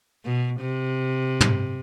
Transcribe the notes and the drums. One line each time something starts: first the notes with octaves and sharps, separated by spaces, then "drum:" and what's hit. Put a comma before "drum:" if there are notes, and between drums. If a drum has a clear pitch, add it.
B2
C3
drum: tom